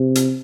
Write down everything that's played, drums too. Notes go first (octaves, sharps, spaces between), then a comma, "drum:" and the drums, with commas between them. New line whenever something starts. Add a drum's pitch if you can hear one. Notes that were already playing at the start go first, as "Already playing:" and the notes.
Already playing: C3
drum: hi-hat